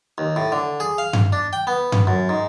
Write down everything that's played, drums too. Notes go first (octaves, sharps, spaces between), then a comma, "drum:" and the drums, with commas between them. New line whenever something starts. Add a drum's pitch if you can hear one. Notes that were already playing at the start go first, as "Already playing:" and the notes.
D#2
A2
D3
G#4
F5
drum: tom G2
D4
G5
B3
drum: tom G2
F#2
G#2